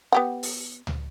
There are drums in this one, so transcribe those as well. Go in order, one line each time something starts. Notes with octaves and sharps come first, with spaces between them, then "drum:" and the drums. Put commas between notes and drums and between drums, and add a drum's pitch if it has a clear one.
B3 G4 F#5
drum: open hi-hat
drum: tom C#2